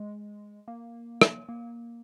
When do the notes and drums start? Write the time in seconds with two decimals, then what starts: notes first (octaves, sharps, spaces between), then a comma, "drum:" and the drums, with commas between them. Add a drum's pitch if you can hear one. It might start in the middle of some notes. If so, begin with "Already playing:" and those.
Already playing: G#3
0.68 A#3
1.22 drum: rim click
1.49 A#3